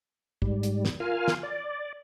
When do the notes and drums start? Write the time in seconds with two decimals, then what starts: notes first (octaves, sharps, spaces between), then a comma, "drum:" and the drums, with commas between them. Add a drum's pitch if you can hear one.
0.42 G#2 G3, drum: kick
0.63 drum: hi-hat
0.85 drum: snare
1.00 F4 A#4 F5 G#5 F6
1.28 drum: snare
1.43 D5